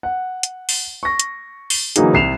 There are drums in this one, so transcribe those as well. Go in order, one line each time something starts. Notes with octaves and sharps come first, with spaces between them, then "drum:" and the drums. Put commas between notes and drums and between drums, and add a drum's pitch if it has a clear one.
F#5
drum: hi-hat
drum: open hi-hat
C#6 A#6
drum: hi-hat
drum: open hi-hat
D3 E3 F#3 A#3 D#4 G#4, drum: hi-hat
C2 C7 E7 F7